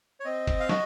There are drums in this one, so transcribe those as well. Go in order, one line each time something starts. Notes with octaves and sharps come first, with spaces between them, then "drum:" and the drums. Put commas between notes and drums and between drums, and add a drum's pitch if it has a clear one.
C#5
C4 D#5
drum: kick F#1, cymbal
F5
F#4 D#5, drum: snare